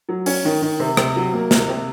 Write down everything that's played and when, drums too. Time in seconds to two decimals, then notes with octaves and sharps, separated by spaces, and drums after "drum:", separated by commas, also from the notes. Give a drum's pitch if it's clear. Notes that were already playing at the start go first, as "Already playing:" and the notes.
0.09 F#3
0.26 C#4, drum: open hi-hat
0.45 D#3
0.62 D#3
0.80 C3
0.97 C3, drum: rim click
1.16 F#3
1.33 A#3
1.51 C3, drum: snare
1.69 C3